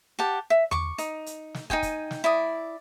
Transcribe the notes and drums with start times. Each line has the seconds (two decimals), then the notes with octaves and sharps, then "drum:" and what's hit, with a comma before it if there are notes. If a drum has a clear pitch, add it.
0.19 G4 F#5 A5
0.50 E5
0.71 C#6 D6, drum: tom E2
0.98 D#4, drum: hi-hat
1.26 drum: hi-hat
1.54 drum: snare
1.70 D#4 A4 G5 G#5, drum: kick
1.83 drum: kick, hi-hat
2.11 drum: snare
2.24 E4 D5 D#6